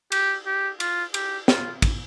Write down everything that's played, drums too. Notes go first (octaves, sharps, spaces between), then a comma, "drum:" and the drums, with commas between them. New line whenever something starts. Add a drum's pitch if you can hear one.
G4, drum: cymbal
G4
F4, drum: cymbal
G4, drum: cymbal
F4, drum: snare
drum: kick, cymbal